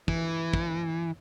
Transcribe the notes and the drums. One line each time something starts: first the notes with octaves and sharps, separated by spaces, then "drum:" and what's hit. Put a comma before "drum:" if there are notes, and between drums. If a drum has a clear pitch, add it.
E3, drum: kick
drum: kick